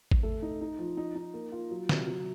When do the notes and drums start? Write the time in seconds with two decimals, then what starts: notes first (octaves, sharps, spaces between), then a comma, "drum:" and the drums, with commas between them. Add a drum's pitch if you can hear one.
0.11 drum: kick A1
0.23 A3
0.42 D#4
0.61 D#4
0.79 F3
0.97 D#4
1.15 D#4
1.34 A#3
1.52 F4
1.71 F#3
1.89 C3, drum: snare
2.07 F#3